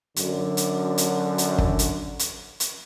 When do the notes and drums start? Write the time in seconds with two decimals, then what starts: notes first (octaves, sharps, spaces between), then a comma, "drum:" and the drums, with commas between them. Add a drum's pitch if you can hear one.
0.16 F#2 D3, drum: hi-hat
0.57 drum: hi-hat
0.98 drum: hi-hat
1.38 drum: hi-hat
1.58 drum: kick
1.79 drum: hi-hat
2.19 drum: hi-hat
2.60 drum: hi-hat